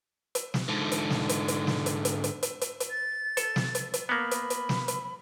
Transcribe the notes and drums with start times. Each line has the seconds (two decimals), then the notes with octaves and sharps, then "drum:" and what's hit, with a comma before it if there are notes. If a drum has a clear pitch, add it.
0.35 drum: hi-hat
0.54 drum: snare
0.68 G#2 D3
0.92 drum: hi-hat
1.10 drum: snare
1.29 drum: hi-hat
1.48 drum: hi-hat
1.67 drum: snare
1.86 drum: hi-hat
2.05 drum: hi-hat
2.24 drum: hi-hat
2.43 drum: hi-hat
2.61 drum: hi-hat
2.80 drum: hi-hat
2.91 A6
3.37 A4, drum: hi-hat
3.56 drum: snare
3.75 drum: hi-hat
3.94 drum: hi-hat
4.09 A#3 B3 B5
4.31 drum: hi-hat
4.50 drum: hi-hat
4.69 drum: snare
4.88 drum: hi-hat